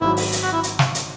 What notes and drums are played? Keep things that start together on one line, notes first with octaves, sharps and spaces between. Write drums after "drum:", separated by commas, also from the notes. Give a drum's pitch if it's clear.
G#1 G#2 F#3 E4
drum: open hi-hat
drum: hi-hat
F#4
E4
drum: hi-hat
drum: snare
drum: hi-hat